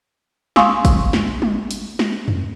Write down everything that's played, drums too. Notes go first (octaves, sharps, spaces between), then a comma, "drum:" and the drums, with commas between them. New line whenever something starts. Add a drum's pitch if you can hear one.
F5 G#5 C6 C#6 D#6 E6, drum: snare
drum: kick, hi-hat
drum: snare
drum: tom G3
drum: hi-hat
drum: snare
drum: tom F2